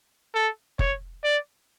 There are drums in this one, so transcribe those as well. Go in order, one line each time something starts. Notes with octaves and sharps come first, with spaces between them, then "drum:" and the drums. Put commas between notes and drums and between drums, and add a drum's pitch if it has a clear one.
A4
C#5, drum: kick F#1
D5